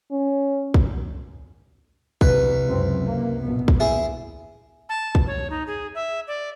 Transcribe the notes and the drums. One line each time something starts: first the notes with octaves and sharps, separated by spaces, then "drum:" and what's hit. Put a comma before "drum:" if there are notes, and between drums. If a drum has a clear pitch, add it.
C#4
drum: kick
C2 B4, drum: kick
C#2 F#2 C4
A#3
A#1 B2 B3
drum: kick
A#2 E4 G#4
A5
drum: kick
C#5
D#4
G#4
E5
D5